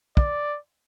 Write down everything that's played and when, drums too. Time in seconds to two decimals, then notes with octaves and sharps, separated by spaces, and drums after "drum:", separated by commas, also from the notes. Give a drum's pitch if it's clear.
0.17 D5, drum: kick